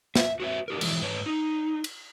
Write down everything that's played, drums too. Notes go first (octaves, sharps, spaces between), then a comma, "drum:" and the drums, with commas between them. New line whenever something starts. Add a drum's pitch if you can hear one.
E5, drum: snare
F#4 B4 C#5 E5
D4 G4 A#4
E3 F3 G#3, drum: cymbal
G#2 B4 C#5 A5
D#4
drum: cymbal